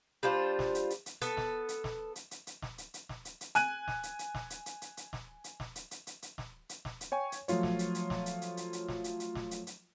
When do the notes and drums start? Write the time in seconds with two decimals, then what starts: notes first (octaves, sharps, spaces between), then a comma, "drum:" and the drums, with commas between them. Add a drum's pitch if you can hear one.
0.23 G3 D4 F4 C5
0.59 drum: snare
0.75 drum: hi-hat
0.90 drum: hi-hat
1.06 drum: hi-hat
1.22 B3 A4, drum: hi-hat
1.37 drum: snare
1.69 drum: hi-hat
1.84 drum: snare
2.16 drum: hi-hat
2.31 drum: hi-hat
2.47 drum: hi-hat
2.62 drum: snare
2.78 drum: hi-hat
2.94 drum: hi-hat
3.09 drum: snare
3.25 drum: hi-hat
3.41 drum: hi-hat
3.55 G#5 F#6 D#7, drum: hi-hat
3.88 drum: snare
4.03 drum: hi-hat
4.19 drum: hi-hat
4.35 drum: snare
4.50 drum: hi-hat
4.66 drum: hi-hat
4.82 drum: hi-hat
4.97 drum: hi-hat
5.13 drum: snare
5.44 drum: hi-hat
5.60 drum: snare
5.75 drum: hi-hat
5.91 drum: hi-hat
6.07 drum: hi-hat
6.22 drum: hi-hat
6.38 drum: snare
6.69 drum: hi-hat
6.85 drum: snare
7.01 drum: hi-hat
7.12 C#5 G5 G#5 C#6
7.32 drum: hi-hat
7.48 F3 F#3 A3 F4 C#5, drum: hi-hat
7.63 drum: snare
7.79 drum: hi-hat
7.95 drum: hi-hat
8.10 drum: snare
8.26 drum: hi-hat
8.42 drum: hi-hat
8.57 drum: hi-hat
8.73 drum: hi-hat
8.88 drum: snare
9.04 drum: hi-hat
9.20 drum: hi-hat
9.35 drum: snare
9.51 drum: hi-hat
9.67 drum: hi-hat